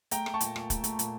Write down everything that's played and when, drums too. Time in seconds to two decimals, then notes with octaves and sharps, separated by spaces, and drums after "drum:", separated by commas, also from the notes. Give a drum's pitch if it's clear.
0.11 A3 G5 A#5, drum: hi-hat
0.26 A3, drum: rim click
0.34 A5 C#6
0.40 A#2, drum: hi-hat
0.56 A#2, drum: rim click
0.70 A3, drum: kick, hi-hat
0.84 A3, drum: hi-hat
0.99 A#2, drum: hi-hat